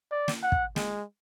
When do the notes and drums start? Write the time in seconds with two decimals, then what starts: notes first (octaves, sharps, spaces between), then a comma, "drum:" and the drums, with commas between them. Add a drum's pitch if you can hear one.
0.12 D5
0.28 drum: snare
0.43 F#5
0.52 drum: kick
0.76 G#3, drum: snare